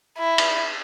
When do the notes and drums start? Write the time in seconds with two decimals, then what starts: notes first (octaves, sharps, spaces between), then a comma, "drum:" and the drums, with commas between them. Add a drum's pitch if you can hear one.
0.18 E4
0.38 drum: cymbal